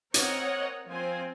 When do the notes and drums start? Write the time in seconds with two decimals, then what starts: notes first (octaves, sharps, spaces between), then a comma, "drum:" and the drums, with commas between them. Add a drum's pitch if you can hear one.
0.14 C4 A#4 C#5 D#5 F#5, drum: hi-hat
0.89 F3 C4 C5 G#5